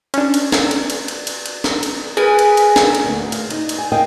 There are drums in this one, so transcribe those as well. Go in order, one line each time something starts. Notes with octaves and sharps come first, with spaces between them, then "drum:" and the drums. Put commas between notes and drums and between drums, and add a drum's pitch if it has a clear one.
C#4 D4, drum: cymbal
drum: cymbal
drum: snare
drum: cymbal
drum: cymbal
drum: cymbal
drum: cymbal
drum: cymbal
drum: snare
drum: cymbal
G#4 A#4 B4 G#5
drum: cymbal
drum: cymbal
drum: snare
drum: cymbal
D2 A#3
F5, drum: cymbal
D#4, drum: cymbal
drum: cymbal
G#5
A#4 D#5 F5 G5 G#5